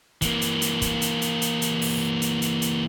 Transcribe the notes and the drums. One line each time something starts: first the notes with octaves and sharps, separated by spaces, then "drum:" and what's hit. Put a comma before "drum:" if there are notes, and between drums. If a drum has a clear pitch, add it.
E3 A#3, drum: kick, hi-hat
drum: hi-hat
drum: hi-hat
drum: kick, hi-hat
drum: hi-hat
drum: hi-hat
drum: hi-hat
drum: hi-hat
drum: open hi-hat
drum: hi-hat
drum: hi-hat
drum: hi-hat